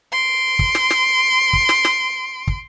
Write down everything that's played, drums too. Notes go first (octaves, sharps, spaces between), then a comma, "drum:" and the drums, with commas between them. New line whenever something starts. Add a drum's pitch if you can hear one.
C6 D7
drum: kick
drum: snare
drum: snare
drum: kick
drum: snare
drum: snare
drum: kick